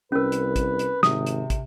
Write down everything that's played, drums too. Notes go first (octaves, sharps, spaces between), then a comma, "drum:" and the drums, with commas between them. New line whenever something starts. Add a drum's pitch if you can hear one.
C2 C#4 A#4 B4
drum: hi-hat
drum: kick, hi-hat
drum: hi-hat
G#1 C3 D#6, drum: snare
drum: hi-hat
drum: kick, hi-hat